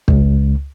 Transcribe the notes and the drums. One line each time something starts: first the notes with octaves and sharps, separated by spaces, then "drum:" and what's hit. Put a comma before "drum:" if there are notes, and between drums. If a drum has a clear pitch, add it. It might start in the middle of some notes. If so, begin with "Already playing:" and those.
C#2, drum: kick